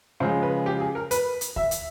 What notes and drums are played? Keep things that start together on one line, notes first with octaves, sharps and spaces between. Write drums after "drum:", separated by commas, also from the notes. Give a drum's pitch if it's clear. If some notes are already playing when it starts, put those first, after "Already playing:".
C#3 F3 G#3 C5
B4
G4
G#4
A#4
B4, drum: hi-hat
drum: hi-hat
E5, drum: kick D2
drum: hi-hat